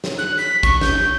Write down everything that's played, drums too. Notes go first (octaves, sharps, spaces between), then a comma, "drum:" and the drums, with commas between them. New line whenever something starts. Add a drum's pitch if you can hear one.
drum: snare
F#6
B6
C#6, drum: kick
G6, drum: snare